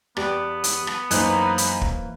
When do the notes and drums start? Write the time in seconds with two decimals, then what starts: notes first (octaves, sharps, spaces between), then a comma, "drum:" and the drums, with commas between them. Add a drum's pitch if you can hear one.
0.17 E2 B3 G4 D5, drum: rim click
0.64 drum: hi-hat
0.87 drum: rim click
1.11 F#2 E3 A#3 D#4 C5 A#5 B5 F#6, drum: hi-hat
1.58 drum: hi-hat
1.81 drum: kick